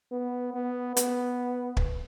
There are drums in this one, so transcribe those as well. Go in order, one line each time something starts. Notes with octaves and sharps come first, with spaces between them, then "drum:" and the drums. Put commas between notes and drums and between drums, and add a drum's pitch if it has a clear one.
B3
B3
B3, drum: hi-hat
drum: kick